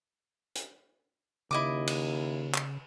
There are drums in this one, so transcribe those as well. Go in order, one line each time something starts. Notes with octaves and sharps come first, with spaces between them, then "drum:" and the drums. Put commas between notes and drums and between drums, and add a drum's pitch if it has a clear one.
drum: hi-hat
D#2 C#3 E4 D#5 D6
drum: cymbal
drum: clap